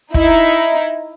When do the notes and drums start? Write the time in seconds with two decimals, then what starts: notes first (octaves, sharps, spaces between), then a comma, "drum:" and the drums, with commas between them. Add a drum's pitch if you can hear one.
0.14 D#4 E4, drum: kick